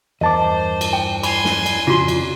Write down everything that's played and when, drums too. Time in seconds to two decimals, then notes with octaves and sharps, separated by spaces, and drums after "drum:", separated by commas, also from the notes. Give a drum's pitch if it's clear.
0.21 E2 G2 A#4 C5 D#5 A5 D6
0.81 drum: cymbal
0.93 G5
1.23 G#5 B5 C6, drum: cymbal
1.45 drum: snare
1.66 drum: cymbal
1.87 F2 C#3 F4 F#4
2.08 drum: cymbal